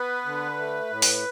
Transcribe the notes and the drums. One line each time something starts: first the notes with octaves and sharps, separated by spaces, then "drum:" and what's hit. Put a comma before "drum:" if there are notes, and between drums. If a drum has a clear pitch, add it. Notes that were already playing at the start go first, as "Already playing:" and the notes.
Already playing: B3 B4
D3
A3
A2
drum: open hi-hat